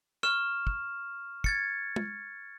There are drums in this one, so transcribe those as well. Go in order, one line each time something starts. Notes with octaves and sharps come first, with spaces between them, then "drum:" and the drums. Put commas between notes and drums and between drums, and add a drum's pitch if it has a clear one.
C#6 F6 E7, drum: rim click
drum: kick
G#6 A6 C#7, drum: kick
drum: tom